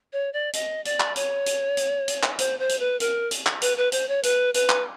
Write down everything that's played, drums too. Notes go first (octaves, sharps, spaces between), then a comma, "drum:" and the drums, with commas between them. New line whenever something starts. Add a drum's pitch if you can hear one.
C#5
D5
D#5, drum: hi-hat
D5, drum: hi-hat
drum: clap
C#5, drum: hi-hat
drum: hi-hat
drum: hi-hat
drum: hi-hat
drum: clap
C5, drum: hi-hat
C5
drum: hi-hat
B4
A#4, drum: hi-hat
drum: hi-hat
drum: clap
B4, drum: hi-hat
B4
C5, drum: hi-hat
C#5
B4, drum: hi-hat
B4, drum: hi-hat
drum: clap